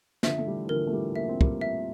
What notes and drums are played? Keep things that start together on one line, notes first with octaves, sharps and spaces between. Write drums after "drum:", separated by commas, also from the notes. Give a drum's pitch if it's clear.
D3 F3 E5, drum: snare
A3
E3 G3
E3
D3 F3 A#4
A3
E3 G3
A#3 E5
C4
G3 A#3, drum: kick
E5